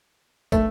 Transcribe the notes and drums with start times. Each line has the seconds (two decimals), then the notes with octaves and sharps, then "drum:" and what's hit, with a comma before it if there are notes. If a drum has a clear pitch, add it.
0.52 A3, drum: kick, tambourine